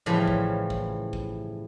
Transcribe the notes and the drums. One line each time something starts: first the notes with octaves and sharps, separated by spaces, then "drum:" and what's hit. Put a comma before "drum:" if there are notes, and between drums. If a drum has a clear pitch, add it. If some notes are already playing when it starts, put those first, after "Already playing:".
A2 C#3 E3 F3 G3 G4
drum: kick
drum: kick
drum: kick